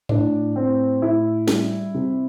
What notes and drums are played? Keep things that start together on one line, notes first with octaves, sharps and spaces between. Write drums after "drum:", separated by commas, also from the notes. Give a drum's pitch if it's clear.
A2 D4, drum: tom G#2
A2 C4
A2 E4
G3, drum: snare
C3